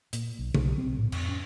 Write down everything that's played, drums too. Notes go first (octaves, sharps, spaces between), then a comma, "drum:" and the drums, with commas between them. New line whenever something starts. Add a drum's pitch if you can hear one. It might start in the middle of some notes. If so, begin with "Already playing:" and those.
A#2, drum: hi-hat
B1
B1, drum: tom C#3
C4
A2
F2, drum: cymbal
C#4